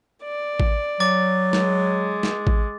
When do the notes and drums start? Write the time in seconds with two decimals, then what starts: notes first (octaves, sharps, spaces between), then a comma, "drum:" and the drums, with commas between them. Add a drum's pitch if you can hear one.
0.24 D5
0.60 drum: kick A1
1.00 F#3 D6 A6
1.53 G#3, drum: snare
2.23 drum: snare
2.47 drum: kick A1